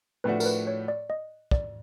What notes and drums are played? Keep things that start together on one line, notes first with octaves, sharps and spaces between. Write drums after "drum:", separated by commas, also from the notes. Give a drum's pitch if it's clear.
A2 F3 A3 D4 F#4 B4
A#4, drum: tambourine
B4
C#5
D5
D#5
D5, drum: kick